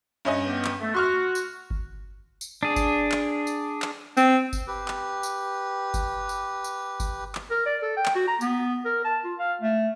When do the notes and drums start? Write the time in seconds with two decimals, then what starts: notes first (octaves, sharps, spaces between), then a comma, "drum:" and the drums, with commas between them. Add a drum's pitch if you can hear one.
0.25 G2 C#4 D#5
0.44 B3 G4
0.65 drum: clap
0.80 A3
0.94 F#4 C6 C#6 F6
1.35 drum: tambourine
1.70 drum: kick G1
2.41 drum: tambourine
2.63 D4 G#4
2.76 drum: kick G1, tambourine
3.12 drum: clap
3.47 drum: tambourine
3.82 drum: clap
4.17 C4, drum: tambourine
4.53 drum: kick G1, tambourine
4.67 G4 B4
4.88 drum: clap
5.23 drum: tambourine
5.94 drum: kick G1, tambourine
6.29 drum: tambourine
6.64 drum: tambourine
7.00 drum: kick G1, tambourine
7.35 drum: clap
7.50 A#4
7.66 D5
7.82 A4
7.96 G5
8.06 drum: clap
8.15 F#4
8.27 A#5
8.41 B3, drum: tambourine
8.85 A#4
9.04 A5
9.24 F4
9.39 F5
9.61 A3